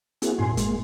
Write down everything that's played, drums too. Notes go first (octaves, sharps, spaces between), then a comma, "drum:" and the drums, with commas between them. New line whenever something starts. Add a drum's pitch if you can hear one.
A#3 C4 E4 F#4 G#4, drum: hi-hat
G2 A#2 G#5 C6
G#3 A#3, drum: kick, hi-hat